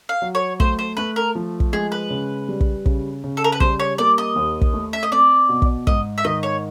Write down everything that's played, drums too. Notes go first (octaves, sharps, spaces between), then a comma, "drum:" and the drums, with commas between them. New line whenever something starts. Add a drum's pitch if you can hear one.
F5
F#3
C#5
A3 C5, drum: kick
C5
A3 B4
A#4
F3
drum: kick
G#3 G#4
B4
C#3
G3
drum: kick
C#3, drum: kick
C#3
A4
A#4
B4
G3 C5, drum: kick
C#5
A#3 D5
D#5
D#2
drum: kick
A3
E5
D#5
C4 D5
B2
drum: kick
G#2 D#5, drum: kick
E5
D#3 D#5
C#5